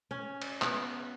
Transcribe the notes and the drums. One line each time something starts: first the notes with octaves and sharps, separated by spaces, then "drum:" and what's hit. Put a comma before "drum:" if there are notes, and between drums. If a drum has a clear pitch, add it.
C#4
drum: cymbal
B3, drum: clap